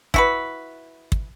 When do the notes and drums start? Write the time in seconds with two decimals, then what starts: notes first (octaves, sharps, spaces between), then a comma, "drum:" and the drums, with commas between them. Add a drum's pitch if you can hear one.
0.14 E4 F#4 B4, drum: kick
1.12 drum: kick